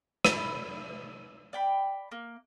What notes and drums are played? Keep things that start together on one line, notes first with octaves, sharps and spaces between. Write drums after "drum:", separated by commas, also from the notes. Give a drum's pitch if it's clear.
B5, drum: rim click
D5 G5 B5
A#3